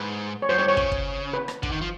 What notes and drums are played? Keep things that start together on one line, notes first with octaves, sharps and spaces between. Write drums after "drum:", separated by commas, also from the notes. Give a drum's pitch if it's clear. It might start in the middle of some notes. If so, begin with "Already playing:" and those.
Already playing: G#2 B4
C#5
F#2 C5
G2 C#5
G2 C#5
C#3, drum: kick
drum: kick
B4
drum: rim click
D3, drum: kick
D#3
F3